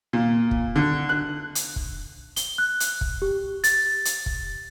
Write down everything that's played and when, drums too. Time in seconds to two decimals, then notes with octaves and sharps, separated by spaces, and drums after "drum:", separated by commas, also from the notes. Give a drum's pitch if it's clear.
0.13 A#2
0.51 drum: kick
0.76 D3
1.09 F#6
1.55 drum: hi-hat
1.76 drum: kick
2.36 G7, drum: hi-hat
2.58 F#6
2.80 drum: hi-hat
3.01 drum: kick
3.22 G4
3.64 A6, drum: hi-hat
4.05 drum: hi-hat
4.26 drum: kick